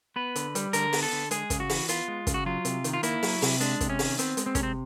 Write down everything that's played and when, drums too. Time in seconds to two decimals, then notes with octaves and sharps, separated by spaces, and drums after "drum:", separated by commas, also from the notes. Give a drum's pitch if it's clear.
0.16 B3 B4
0.36 D3, drum: hi-hat
0.55 G3, drum: hi-hat
0.73 D3 A#4, drum: hi-hat
0.93 B3, drum: open hi-hat
1.03 A4
1.13 D3
1.31 G#3 G#4, drum: hi-hat
1.50 C#3, drum: kick, hi-hat
1.60 F#4
1.70 E3, drum: open hi-hat
1.89 B3 F4, drum: hi-hat
2.08 G#3
2.27 C#3, drum: kick, hi-hat
2.34 F#4
2.46 F#3 F4
2.65 C3, drum: hi-hat
2.84 D#3, drum: hi-hat
2.93 F4
3.03 A#3 E4, drum: hi-hat
3.23 F#3, drum: open hi-hat
3.42 C3, drum: open hi-hat
3.60 G#3 D4, drum: hi-hat
3.81 C3, drum: kick, hi-hat
3.90 C#4
3.99 D#3, drum: open hi-hat
4.19 B3 C4, drum: hi-hat
4.37 G#3, drum: hi-hat
4.46 C4
4.55 C3 C#4, drum: kick, hi-hat
4.63 C4